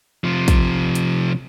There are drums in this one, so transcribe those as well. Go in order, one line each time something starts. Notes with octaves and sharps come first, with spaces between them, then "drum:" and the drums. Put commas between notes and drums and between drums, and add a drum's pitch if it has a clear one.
C3 F3
drum: kick, hi-hat
drum: hi-hat